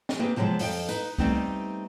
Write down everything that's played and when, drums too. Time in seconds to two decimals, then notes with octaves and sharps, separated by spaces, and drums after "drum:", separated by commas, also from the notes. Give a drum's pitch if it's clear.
0.09 drum: snare
0.19 A#3 C4 G4 G#4 B4
0.36 C3 F3 F#3 G#3 B3 C4
0.59 F2 F5 G5, drum: open hi-hat
0.89 D#4 B4, drum: tambourine
1.18 G3 A3 B3 C4 D#4, drum: kick